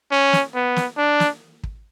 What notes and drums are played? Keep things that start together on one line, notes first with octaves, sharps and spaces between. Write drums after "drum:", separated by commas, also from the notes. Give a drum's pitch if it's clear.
C#4
drum: snare
B3
drum: snare
D4
drum: snare
drum: kick